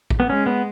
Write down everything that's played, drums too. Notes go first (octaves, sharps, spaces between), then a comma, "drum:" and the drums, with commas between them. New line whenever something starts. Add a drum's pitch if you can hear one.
drum: kick A1
B3
G#3 C#4
B3